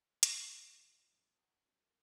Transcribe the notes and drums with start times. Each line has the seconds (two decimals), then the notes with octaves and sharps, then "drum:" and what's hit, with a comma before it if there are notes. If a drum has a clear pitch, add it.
0.23 drum: hi-hat
0.52 C#2 A3 E4 F5 D6 D#7
0.71 G#1 A2 F4
1.10 B2 F3 C#4
1.35 F#5 A5 A#5 C#6 D#6 F#6
1.65 F#3 G3 C4 C#4 E4 F#4
1.79 D#4 A4 A#4